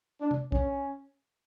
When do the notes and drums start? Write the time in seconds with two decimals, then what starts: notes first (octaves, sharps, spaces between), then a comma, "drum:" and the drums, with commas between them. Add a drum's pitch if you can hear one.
0.21 D4
0.31 drum: tom
0.52 C#4, drum: kick